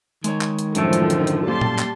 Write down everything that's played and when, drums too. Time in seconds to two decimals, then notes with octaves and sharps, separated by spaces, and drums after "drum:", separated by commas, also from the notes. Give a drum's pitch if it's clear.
0.24 D#3 G#3 C#5, drum: hi-hat
0.41 drum: clap
0.59 drum: hi-hat
0.75 F#2 A2 D3 F3 A3, drum: hi-hat
0.93 drum: hi-hat
1.10 drum: hi-hat
1.27 drum: hi-hat
1.48 G3 A#3 G4 A5 C6
1.61 drum: tom A#2
1.79 drum: clap